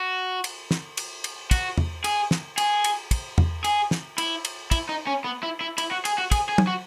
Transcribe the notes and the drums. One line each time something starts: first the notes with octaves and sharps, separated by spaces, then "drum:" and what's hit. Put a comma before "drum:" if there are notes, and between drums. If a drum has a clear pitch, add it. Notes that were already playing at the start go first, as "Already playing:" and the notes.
Already playing: F#4
drum: cymbal
drum: snare
drum: cymbal
drum: cymbal
F#4, drum: kick, cymbal
drum: tom E2
G#4, drum: cymbal
drum: snare
G#4, drum: cymbal
drum: cymbal
drum: kick, cymbal
drum: tom E2
G#4, drum: cymbal
drum: snare
E4, drum: cymbal
drum: cymbal
E4, drum: kick, cymbal
D#4
C#4
B3
E4
E4
E4, drum: cymbal
F#4
G#4, drum: cymbal
F#4
G#4, drum: kick, cymbal
G#4
drum: tom
F#4